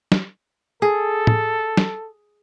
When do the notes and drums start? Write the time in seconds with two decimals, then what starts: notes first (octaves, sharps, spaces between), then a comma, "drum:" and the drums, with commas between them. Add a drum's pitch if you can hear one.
0.12 drum: snare
0.82 G#4 A4
1.27 drum: tom
1.77 drum: snare